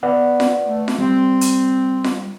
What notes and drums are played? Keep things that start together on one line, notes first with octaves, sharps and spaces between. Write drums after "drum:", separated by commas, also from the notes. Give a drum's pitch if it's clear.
B3 B4 D5 F#5
drum: snare F4
A3
drum: snare F4
G3 C4
drum: hi-hat
drum: snare F4